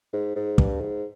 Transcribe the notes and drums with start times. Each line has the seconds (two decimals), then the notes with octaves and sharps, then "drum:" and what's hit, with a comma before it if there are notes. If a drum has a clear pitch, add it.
0.13 G#2
0.36 G#2
0.58 G2, drum: kick
0.81 G#2